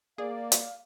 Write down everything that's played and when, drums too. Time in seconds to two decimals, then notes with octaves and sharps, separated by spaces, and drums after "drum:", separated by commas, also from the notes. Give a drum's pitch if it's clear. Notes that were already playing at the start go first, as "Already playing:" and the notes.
0.18 A#3 G#4 D5 F5
0.52 drum: hi-hat